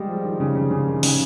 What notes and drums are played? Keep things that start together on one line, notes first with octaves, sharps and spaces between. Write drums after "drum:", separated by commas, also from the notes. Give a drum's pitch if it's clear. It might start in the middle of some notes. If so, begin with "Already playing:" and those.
Already playing: G3 G#3
F3
D#3
C#3
C#3
C#3
D#3
C#3, drum: open hi-hat